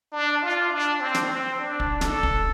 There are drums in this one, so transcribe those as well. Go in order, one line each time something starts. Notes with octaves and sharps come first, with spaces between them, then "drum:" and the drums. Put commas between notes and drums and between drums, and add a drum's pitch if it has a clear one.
D4
F4
D4
C4
drum: snare
C4
D4
drum: kick
A4, drum: snare
drum: kick